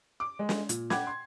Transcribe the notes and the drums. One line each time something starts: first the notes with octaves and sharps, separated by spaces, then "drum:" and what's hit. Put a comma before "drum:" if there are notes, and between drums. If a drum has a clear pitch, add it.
D6
G#3
drum: snare
A#2, drum: hi-hat
F#5 G5 B5 D6 G#6, drum: snare
C6